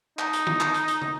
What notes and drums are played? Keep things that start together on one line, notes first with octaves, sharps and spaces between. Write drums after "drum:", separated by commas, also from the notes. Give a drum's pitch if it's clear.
D#4, drum: clap
drum: hi-hat
drum: tom D3
drum: clap
drum: hi-hat
drum: hi-hat
drum: tom